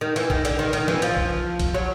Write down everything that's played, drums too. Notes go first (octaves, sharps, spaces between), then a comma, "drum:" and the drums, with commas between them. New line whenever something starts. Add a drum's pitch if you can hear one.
D#3
E3, drum: cymbal
D#3, drum: kick A#1
D3, drum: cymbal
D#3
D#3, drum: cymbal
E3, drum: snare
F3, drum: cymbal
drum: kick A#1
drum: kick A#1, cymbal
F#3